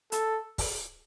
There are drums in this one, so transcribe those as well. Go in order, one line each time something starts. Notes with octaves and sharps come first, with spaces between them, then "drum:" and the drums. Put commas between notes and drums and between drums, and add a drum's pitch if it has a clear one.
A4, drum: hi-hat
drum: kick, open hi-hat